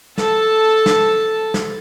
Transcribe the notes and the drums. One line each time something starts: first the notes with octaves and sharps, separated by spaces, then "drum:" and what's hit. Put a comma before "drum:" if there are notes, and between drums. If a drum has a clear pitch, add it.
A4 A5, drum: snare
drum: snare
drum: snare